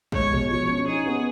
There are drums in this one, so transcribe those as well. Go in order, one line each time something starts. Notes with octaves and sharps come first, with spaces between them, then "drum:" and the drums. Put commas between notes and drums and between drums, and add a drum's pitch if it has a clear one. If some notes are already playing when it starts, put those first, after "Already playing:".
G#3 C#5, drum: kick
B2
F3 C#5
C#4
D#4 G#4
B3